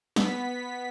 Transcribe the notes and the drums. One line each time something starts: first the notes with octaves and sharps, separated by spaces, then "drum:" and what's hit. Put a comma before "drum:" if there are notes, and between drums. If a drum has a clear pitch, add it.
B3 B6, drum: snare